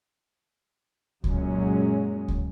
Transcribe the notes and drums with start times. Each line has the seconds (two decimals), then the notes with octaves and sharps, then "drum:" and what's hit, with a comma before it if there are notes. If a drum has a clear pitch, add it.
1.24 F#2 A#2 F#3 G#3 C#4, drum: kick C#2
2.28 drum: kick C#2